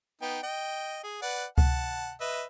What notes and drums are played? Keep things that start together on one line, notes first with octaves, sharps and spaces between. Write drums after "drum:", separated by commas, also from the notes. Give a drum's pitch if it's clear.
B3 D#4 G5
D#5 G5
G#4
B4 D5 F#5
F#5 A5, drum: kick C#2
B4 D#5 E5